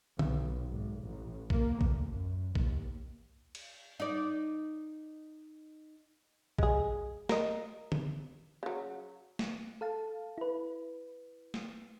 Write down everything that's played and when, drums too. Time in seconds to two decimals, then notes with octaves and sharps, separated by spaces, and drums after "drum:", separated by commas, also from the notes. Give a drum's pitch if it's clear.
0.19 B1, drum: tom
0.70 G#1
1.01 A1
1.50 A#3, drum: kick
1.81 D2, drum: kick
2.09 F#2
2.55 D#2, drum: kick
3.55 drum: cymbal
4.00 D#4 D5
6.59 G#3 G#4, drum: kick
7.29 A#4 D#5, drum: snare
7.92 drum: tom
8.63 C#3 F#3
9.39 drum: snare
9.81 A4 F5 A5
10.38 E4 B4
11.54 drum: snare